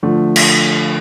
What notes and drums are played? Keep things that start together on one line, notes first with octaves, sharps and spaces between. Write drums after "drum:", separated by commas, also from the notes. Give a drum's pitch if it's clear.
D3 F3 A3
drum: cymbal